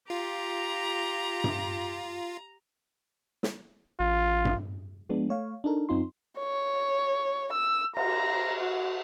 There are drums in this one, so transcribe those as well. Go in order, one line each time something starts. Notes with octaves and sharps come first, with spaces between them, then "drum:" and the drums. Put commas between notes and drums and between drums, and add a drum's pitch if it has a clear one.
F4 G4 A#5
drum: tom G2
drum: snare
A1 F4
drum: tom G2
F3 G#3 B3 D4
A3 C#5 F5
D4 D#4 A4 A#4
F#2 C4 D#4 F4 C6
C#5
E6
A#5, drum: cymbal
F#4